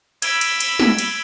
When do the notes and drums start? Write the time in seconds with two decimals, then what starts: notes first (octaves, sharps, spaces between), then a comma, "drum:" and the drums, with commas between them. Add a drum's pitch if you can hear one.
0.22 B5 E6 G#6 D7, drum: cymbal
0.41 drum: cymbal
0.60 drum: cymbal
0.79 drum: snare
0.99 drum: cymbal